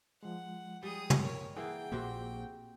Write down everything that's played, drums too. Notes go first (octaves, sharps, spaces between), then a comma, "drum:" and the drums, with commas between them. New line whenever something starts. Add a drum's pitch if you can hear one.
F3 G#3 F#5
G3 G#4 D#6
drum: tom
A#4 C#5
E3 A#3 G#4 F#5 G5
A#1 A#2 A#3 C4 F#4 G4